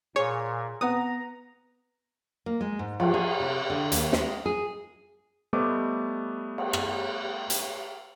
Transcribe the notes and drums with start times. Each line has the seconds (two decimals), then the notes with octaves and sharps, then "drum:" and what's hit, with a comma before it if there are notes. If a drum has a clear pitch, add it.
0.16 A#2 G#4 C5 C#5 C#6
0.81 B3 C4 B4 F#5 A#5 D#6
2.46 A#3
2.61 G#3
2.79 G#2
3.00 F3, drum: cymbal
3.14 G#4
3.40 C3
3.70 D3
3.92 D#2, drum: hi-hat
4.13 G#3, drum: snare
4.46 G#4
5.53 G3 A3 B3 C5 D#5 D6
6.58 drum: cymbal
6.73 drum: rim click
7.50 drum: hi-hat